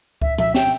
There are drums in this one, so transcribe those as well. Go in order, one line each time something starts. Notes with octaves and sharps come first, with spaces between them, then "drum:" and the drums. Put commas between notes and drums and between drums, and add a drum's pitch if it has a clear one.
E5, drum: kick C#2
E5, drum: tom A#2
G5, drum: snare